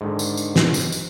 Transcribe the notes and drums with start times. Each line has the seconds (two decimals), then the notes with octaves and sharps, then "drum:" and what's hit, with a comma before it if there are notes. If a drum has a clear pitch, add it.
0.01 G#2 D3 D#3
0.19 drum: tambourine
0.37 drum: tambourine
0.56 drum: snare
0.74 drum: tambourine
0.92 drum: tambourine